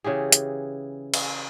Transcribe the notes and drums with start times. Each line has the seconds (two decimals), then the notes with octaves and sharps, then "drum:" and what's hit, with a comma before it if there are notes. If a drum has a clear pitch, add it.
0.04 C#3 E3 G4 G#4
0.32 drum: hi-hat
1.14 drum: cymbal